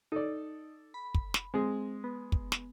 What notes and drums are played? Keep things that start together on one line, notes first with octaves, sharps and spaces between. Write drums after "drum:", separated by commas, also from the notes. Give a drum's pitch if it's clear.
D#4 A4 D5
B5
drum: kick
drum: snare
G#3 C4 G#4
B3
drum: kick
drum: snare